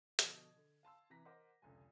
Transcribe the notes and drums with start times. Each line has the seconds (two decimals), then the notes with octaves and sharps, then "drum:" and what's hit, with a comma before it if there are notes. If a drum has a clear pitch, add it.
0.19 B2 D3 F3 A5 G#6, drum: hi-hat
0.56 D3
0.83 F5 A5 C6 E6
1.10 C3 E3 A#5 A#6 B6
1.25 A#4 C5 D#5 F#5 D6
1.62 F1 C#2 D3 G#5